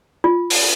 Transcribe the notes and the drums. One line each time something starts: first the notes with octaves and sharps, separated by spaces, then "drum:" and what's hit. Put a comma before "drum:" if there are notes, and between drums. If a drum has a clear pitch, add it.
F4
drum: open hi-hat